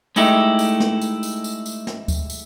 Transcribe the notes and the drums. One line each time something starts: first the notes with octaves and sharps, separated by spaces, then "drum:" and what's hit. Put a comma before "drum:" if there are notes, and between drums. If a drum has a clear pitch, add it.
G#3 A3 D#4 E4 G4, drum: tambourine
drum: tambourine
drum: snare
drum: tambourine
drum: tambourine
drum: tambourine
drum: tambourine
drum: snare
drum: kick D2, tambourine
drum: tambourine